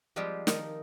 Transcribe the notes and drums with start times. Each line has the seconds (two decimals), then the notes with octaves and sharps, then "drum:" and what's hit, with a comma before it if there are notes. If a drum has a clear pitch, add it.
0.16 F3 G3 G#3 C4 F4 G4
0.47 D#3 F3 D#4 A#4, drum: snare